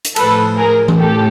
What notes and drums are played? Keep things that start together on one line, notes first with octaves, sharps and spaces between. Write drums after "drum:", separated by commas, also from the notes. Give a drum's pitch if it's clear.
drum: hi-hat
A2 F3 A4 B4, drum: cymbal
G#4 A#4
drum: tom E3
A2 G4 A4